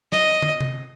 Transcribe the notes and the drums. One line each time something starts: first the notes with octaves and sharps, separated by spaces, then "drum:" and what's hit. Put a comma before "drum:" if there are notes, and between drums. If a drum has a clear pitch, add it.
D#5, drum: snare
drum: tom
drum: tom C3